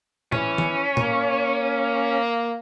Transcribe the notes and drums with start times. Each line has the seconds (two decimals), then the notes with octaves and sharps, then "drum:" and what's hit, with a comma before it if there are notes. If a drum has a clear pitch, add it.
0.32 E3 C#4, drum: tom A2
0.58 drum: tom D#3
0.97 A#3, drum: tom A2